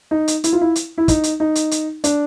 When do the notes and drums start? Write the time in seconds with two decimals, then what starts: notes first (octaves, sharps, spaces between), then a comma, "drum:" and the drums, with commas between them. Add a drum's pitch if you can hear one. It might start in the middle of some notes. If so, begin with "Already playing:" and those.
0.11 D#4
0.28 drum: hi-hat
0.44 E4, drum: hi-hat
0.53 F4
0.61 E4
0.76 drum: hi-hat
0.98 E4
1.08 D#4, drum: kick, hi-hat
1.23 drum: hi-hat
1.40 D#4
1.55 drum: hi-hat
1.71 drum: hi-hat
2.04 D4, drum: hi-hat